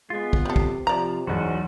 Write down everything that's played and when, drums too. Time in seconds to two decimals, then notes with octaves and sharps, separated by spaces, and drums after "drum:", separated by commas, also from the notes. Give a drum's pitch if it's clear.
0.10 G#3 B3 F4
0.33 drum: kick
0.45 C3 G3 A4
0.56 drum: kick
0.87 C3 F3 D5 A#5
1.27 E1 B1 G#2 F#4